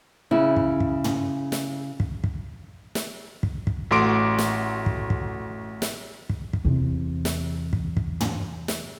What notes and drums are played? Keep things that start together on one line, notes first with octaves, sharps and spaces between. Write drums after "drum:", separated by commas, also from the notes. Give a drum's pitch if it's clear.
C#3 E4
drum: kick
drum: kick
drum: tom
drum: snare
drum: kick
drum: kick
drum: snare
drum: kick
drum: kick
A1 A3 F#4 C6 D6 D7
drum: snare
drum: kick
drum: kick
drum: snare
drum: kick
drum: kick
E2 C3
drum: snare
drum: kick
drum: kick
drum: tom
drum: snare